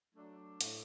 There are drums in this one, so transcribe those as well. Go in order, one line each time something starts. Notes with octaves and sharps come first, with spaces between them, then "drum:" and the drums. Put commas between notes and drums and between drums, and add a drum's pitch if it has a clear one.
F#3 A3 D4
A2, drum: hi-hat